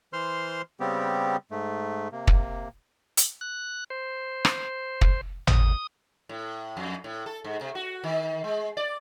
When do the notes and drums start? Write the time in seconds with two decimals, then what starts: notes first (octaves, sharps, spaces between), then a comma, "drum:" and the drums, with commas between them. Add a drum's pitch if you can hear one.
0.13 E3 C5 C6 F6
0.80 C#3 G3 B3 C4 G4
1.51 G#2 A3
2.12 C3 A#3
2.27 drum: kick
3.17 drum: hi-hat
3.41 F#6
3.90 C5
4.45 drum: rim click
5.01 drum: kick
5.47 D#6, drum: tom
6.29 A2
6.77 F2
7.04 A2
7.26 A4
7.44 G#2
7.61 C3
7.75 F#4
8.04 D#3
8.44 G#3
8.77 D5